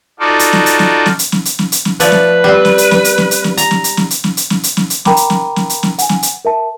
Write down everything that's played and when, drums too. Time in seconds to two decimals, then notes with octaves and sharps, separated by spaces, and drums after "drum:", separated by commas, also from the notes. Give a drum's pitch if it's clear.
0.20 D#4 F4 F#4 A4 D5
0.39 drum: hi-hat
0.53 drum: snare
0.66 drum: hi-hat
0.79 drum: snare
1.06 drum: snare
1.19 drum: hi-hat
1.32 drum: snare
1.45 drum: hi-hat
1.59 drum: snare
1.72 drum: hi-hat
1.85 drum: snare
2.00 F3 A3 B4 D5, drum: hi-hat
2.12 drum: snare
2.44 G3 C4
2.65 drum: snare
2.78 drum: hi-hat
2.91 drum: snare
3.04 drum: hi-hat
3.18 drum: snare
3.31 drum: hi-hat
3.44 drum: snare
3.57 A#5, drum: hi-hat
3.71 drum: snare
3.84 drum: hi-hat
3.97 drum: snare
4.10 drum: hi-hat
4.24 drum: snare
4.37 drum: hi-hat
4.50 drum: snare
4.63 drum: hi-hat
4.77 drum: snare
4.90 drum: hi-hat
5.05 A#4 G5 A#5 B5 D6, drum: snare
5.17 drum: hi-hat
5.30 drum: snare
5.56 drum: snare
5.70 drum: hi-hat
5.83 drum: snare
5.99 F#5 G#5, drum: hi-hat
6.09 drum: snare
6.23 drum: hi-hat
6.45 A#4 E5 A5